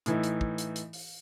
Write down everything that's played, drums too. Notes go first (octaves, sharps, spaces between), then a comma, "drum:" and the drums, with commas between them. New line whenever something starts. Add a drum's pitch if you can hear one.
A2 E3 D#4, drum: hi-hat
drum: hi-hat
drum: kick
drum: hi-hat
drum: hi-hat
drum: open hi-hat